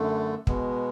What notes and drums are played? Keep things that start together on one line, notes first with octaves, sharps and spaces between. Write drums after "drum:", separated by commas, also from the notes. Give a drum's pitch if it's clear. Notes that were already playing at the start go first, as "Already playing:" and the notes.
Already playing: F#2 D3 A3
B2 G#3 B3, drum: kick